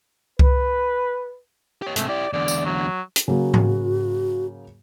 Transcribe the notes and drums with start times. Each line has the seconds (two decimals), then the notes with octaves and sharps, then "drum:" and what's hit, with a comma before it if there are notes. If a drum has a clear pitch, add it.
0.39 B4, drum: kick C2
1.82 G4 C#5
1.96 G#2 C3 A3, drum: hi-hat
2.09 E4 G4 D5
2.33 E2 D3 D5
2.48 drum: tambourine
2.66 F#3
3.16 drum: hi-hat
3.28 C#3 F#3 A#3 F#4
3.54 drum: tom G#2